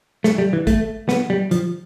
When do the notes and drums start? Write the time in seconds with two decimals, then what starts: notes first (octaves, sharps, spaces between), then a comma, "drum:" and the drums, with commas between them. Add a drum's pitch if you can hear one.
0.24 A3, drum: snare
0.38 G3
0.53 E3
0.67 A3, drum: kick, hi-hat
1.09 B3, drum: snare
1.30 G3
1.51 F3, drum: hi-hat